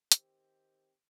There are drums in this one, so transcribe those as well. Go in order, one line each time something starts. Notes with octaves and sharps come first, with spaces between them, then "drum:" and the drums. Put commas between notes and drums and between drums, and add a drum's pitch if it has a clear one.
D#3 C4 G4, drum: hi-hat